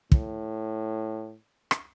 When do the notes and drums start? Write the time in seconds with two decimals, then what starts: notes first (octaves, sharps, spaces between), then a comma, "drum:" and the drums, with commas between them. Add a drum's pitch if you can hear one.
0.12 A2, drum: kick
1.71 drum: rim click